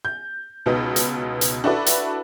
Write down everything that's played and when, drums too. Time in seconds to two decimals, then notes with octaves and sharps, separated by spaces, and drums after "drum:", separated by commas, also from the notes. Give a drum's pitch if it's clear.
0.05 G6
0.66 C#2 B2 B3 D#4
0.96 drum: hi-hat
1.41 drum: hi-hat
1.64 D4 E4 F#4 A4 B4 D5
1.86 drum: hi-hat